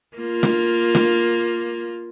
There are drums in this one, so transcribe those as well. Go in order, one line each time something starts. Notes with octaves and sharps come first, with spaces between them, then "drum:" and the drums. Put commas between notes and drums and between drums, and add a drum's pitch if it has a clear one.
A#3 F4
drum: snare
drum: snare